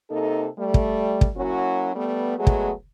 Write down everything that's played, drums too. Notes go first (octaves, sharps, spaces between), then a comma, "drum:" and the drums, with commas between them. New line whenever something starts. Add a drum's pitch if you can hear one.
C3 A#3 D#4 A4
G3 A3
drum: kick
drum: kick
F#3 A#3 C#4 E4 F#4
G3 A3 B3
F#3 G#3 A3 B3 G#4
drum: kick